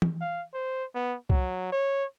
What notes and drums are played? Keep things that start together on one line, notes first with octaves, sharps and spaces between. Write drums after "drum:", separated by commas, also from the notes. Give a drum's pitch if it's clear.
drum: tom E3
F5
C5
B3
F#3, drum: kick C2
C#5